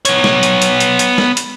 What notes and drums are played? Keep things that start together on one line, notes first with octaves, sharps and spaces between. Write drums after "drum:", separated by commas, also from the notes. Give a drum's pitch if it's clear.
B3 C#5, drum: hi-hat
drum: snare
drum: hi-hat
drum: hi-hat
drum: hi-hat
drum: hi-hat
drum: snare
drum: hi-hat